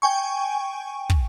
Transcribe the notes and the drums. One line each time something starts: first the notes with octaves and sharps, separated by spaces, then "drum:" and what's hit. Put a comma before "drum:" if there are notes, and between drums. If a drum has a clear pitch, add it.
G5 G#5 C#6
drum: kick